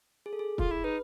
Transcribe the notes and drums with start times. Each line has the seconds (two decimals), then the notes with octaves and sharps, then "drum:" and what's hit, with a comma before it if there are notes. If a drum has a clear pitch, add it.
0.26 G#4
0.33 A4
0.39 G#4
0.58 F4, drum: kick
0.71 E4
0.84 D#4 B4